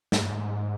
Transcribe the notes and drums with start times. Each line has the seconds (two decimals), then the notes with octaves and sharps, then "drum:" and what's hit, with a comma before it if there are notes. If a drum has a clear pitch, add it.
0.12 G#2, drum: snare
0.22 G2
0.31 G#2